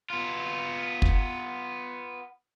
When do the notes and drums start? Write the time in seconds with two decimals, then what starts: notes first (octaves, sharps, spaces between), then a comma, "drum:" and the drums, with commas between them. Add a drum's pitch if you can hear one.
0.10 B3 F4
1.02 drum: kick